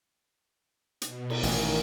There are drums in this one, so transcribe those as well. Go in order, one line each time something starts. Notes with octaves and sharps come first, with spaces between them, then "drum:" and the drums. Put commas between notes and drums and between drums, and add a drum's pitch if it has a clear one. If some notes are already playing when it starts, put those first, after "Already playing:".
B2, drum: hi-hat
drum: cymbal
A1 A#2 D#3 A#4, drum: open hi-hat